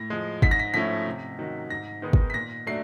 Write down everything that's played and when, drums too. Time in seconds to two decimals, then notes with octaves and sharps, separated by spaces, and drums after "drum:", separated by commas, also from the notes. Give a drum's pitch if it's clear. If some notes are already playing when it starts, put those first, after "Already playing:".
Already playing: A2 A#6
0.10 F3 G#3
0.42 G#2 B6, drum: kick
0.51 A#6
0.59 B6
0.74 F3 A3 C#4 E4 B6
1.06 C3
1.39 D#3 F#3
1.70 G#2 A#6
2.02 D#3 G#3 B3 D#4
2.13 drum: kick
2.30 B6
2.34 A#2 A#6
2.67 F#3 A3 D4 C7